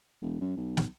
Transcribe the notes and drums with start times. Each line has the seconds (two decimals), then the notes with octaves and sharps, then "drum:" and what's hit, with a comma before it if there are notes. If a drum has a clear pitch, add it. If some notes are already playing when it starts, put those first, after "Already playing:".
0.22 E1
0.41 F#2
0.57 B1
0.77 drum: snare